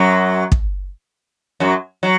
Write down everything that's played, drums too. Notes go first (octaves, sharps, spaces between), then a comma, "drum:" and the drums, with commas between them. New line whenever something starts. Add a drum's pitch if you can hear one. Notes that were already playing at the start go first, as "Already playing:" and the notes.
Already playing: F#2 F#3
drum: kick
F#2 F#3
F#3